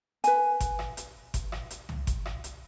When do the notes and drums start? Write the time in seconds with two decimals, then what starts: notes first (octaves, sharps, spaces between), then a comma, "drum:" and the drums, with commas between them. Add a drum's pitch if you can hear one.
0.24 B4 G#5, drum: hi-hat
0.60 drum: kick G1, hi-hat
0.79 drum: rim click
0.97 drum: hi-hat
1.34 drum: kick G1, hi-hat
1.52 drum: rim click
1.70 drum: hi-hat
1.89 drum: tom C2
2.07 drum: kick G1, hi-hat
2.26 drum: rim click
2.44 drum: hi-hat